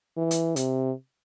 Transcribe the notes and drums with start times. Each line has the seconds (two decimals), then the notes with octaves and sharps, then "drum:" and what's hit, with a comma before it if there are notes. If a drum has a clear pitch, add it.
0.17 E3
0.31 drum: hi-hat
0.56 C3, drum: hi-hat